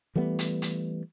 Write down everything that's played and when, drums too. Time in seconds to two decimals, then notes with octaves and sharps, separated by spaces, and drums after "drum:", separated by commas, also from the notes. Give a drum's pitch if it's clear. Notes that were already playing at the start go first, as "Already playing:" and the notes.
0.15 E3 G3 A3 B3
0.39 drum: hi-hat
0.62 drum: hi-hat